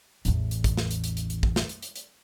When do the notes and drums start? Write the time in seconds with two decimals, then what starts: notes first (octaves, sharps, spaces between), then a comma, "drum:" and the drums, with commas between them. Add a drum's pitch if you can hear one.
0.25 A1 E2, drum: hi-hat
0.51 drum: hi-hat
0.64 drum: kick, hi-hat
0.77 drum: snare
0.91 drum: hi-hat
1.04 drum: hi-hat
1.17 drum: hi-hat
1.30 drum: hi-hat
1.43 drum: kick
1.56 drum: snare
1.69 drum: hi-hat
1.82 drum: hi-hat
1.96 drum: hi-hat